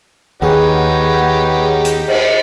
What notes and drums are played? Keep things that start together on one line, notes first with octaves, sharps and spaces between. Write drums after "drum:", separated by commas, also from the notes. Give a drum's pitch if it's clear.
D#2 D#4 G4 G#4 B4 C#5 F#5
drum: hi-hat
drum: cymbal